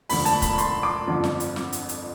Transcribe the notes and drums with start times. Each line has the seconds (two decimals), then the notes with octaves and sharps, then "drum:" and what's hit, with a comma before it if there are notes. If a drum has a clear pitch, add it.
0.09 E1 D2 D3 F3 B5, drum: open hi-hat
0.25 A5, drum: hi-hat
0.42 B5, drum: kick C#1, hi-hat
0.53 B5
0.58 C6, drum: hi-hat
0.83 D6
1.07 G1 F2 D3 F3
1.24 drum: snare
1.40 drum: hi-hat
1.56 drum: snare
1.72 drum: hi-hat
1.89 drum: hi-hat